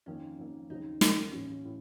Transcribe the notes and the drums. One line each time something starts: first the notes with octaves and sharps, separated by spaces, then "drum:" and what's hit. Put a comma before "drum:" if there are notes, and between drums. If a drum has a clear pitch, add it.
F2 D#3 A#3 C#4
F2 D#3 A#3
D#2 C#3 F#3 C4 D#4
D#2 C#3 F#3 C4, drum: snare
A1 A2 F#3 A#3 C#4
A2